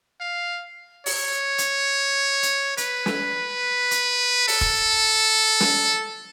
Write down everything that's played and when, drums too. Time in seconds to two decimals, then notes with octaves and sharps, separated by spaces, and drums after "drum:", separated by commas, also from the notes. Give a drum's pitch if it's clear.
0.20 F5
1.06 C#5, drum: open hi-hat
1.58 drum: hi-hat
2.43 drum: hi-hat
2.77 B4, drum: hi-hat
3.06 drum: snare
3.91 drum: hi-hat
4.48 A4, drum: open hi-hat
4.61 drum: kick
5.60 drum: snare